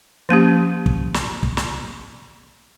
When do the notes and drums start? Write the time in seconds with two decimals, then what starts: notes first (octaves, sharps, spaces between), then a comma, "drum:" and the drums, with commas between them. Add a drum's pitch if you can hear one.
0.29 F3 A#3 C#4 G4
0.86 drum: kick
1.14 drum: snare
1.43 drum: kick
1.57 drum: snare